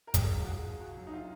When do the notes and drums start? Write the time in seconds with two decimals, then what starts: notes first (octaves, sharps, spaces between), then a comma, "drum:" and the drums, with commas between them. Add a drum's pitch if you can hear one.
0.07 A#4
0.14 F#3 G#4, drum: kick, hi-hat
0.31 C#2
0.41 F#4
0.47 C#2 G#4
0.64 C#2
0.80 C#2 F#4
0.97 F#3
1.07 D#4
1.13 C3 F4